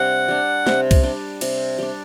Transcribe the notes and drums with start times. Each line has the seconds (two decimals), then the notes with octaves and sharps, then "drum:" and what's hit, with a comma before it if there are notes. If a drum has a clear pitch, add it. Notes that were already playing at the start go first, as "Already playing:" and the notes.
Already playing: C3 G3 D4 F#5
0.28 G3 D4
0.67 C3, drum: snare
0.91 drum: kick, cymbal
1.03 G3 D4
1.41 C3, drum: cymbal
1.78 G3 D4